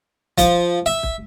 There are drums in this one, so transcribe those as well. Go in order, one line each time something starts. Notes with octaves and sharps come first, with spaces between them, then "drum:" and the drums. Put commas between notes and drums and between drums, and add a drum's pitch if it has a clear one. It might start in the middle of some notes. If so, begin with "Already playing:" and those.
F3, drum: kick, hi-hat
E5
drum: kick